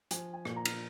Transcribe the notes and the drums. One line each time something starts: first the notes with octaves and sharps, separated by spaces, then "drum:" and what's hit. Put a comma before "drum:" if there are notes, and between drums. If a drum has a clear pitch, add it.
F3 G#5, drum: hi-hat
G#5
A#2, drum: rim click
A#5
drum: cymbal